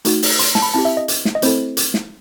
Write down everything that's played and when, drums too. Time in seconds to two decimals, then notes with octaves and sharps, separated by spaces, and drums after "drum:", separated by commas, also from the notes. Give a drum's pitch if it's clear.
0.05 A3 D#4 F#4, drum: hi-hat
0.22 drum: open hi-hat
0.39 C6, drum: hi-hat
0.55 A5, drum: snare
0.62 B5
0.74 C4 E4 G4 A5
0.85 E5
0.97 D#5
1.08 drum: hi-hat
1.25 drum: snare
1.35 D#5
1.42 A3 C4 E4 A4 C5, drum: hi-hat
1.77 drum: hi-hat
1.94 drum: snare